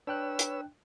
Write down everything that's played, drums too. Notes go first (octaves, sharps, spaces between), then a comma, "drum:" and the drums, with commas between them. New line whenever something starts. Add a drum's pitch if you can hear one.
D4 B4 C#5 G5 E6 F#6
drum: hi-hat